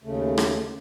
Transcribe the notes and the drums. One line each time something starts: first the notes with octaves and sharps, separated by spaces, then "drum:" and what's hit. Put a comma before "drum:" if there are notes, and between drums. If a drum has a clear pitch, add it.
D#2 C#3 A3
drum: rim click